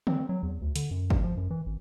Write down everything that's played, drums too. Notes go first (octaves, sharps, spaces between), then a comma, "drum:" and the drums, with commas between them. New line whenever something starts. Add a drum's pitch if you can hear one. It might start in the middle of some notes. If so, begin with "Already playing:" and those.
C4, drum: tom D3
F#3
E2
D2
D3, drum: hi-hat
F#2
drum: kick G1
F3
F#2
E3
G#1